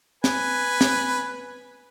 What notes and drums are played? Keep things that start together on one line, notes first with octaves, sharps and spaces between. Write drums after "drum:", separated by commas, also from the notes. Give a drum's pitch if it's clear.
B4 G#5, drum: snare
drum: snare